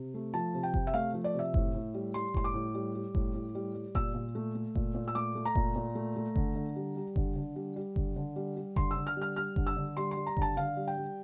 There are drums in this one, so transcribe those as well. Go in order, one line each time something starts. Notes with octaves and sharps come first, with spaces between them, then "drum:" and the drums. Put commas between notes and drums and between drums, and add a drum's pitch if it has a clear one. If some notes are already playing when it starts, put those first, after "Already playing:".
Already playing: C3
A3
F3 A5
C3
G5
C3, drum: kick F#1
E5
A3 F5
F3
D5
C3 E5
A2, drum: kick F#1
A2
G3
G3 C6
A2 C6, drum: kick F#1
D6
A2
G3
G3
A2, drum: kick F#1
A2
G3
G3
A#2 E6, drum: kick F#1
A#2
A3
A3
A#2, drum: kick F#1
A#2
E6
A3 D6
A3
A#5
A#2, drum: kick F#1
A#2
A3
A3
D3, drum: kick F#1
D3
G3
G3
D3, drum: kick F#1
D3
G3
G3
D3, drum: kick F#1
D3
G3
G3
D3 C6, drum: kick F#1
E6
D3
F6
G3
F6
G3 F6
D3, drum: kick F#1
E6
D3
G3 C6
C6
G3
A#5
D3 A5, drum: kick F#1
D3 F5
G3
G5
G3